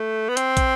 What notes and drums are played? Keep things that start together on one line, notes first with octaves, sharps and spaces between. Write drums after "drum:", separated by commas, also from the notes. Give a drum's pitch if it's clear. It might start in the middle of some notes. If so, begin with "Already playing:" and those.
Already playing: A3
B3
C4, drum: hi-hat
drum: kick, hi-hat